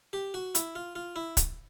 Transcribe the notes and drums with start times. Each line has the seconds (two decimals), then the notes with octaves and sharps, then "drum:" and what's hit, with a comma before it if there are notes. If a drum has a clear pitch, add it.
0.13 G4
0.34 F#4
0.55 E4, drum: hi-hat
0.75 F4
0.95 F4
1.16 E4
1.37 drum: kick D1, hi-hat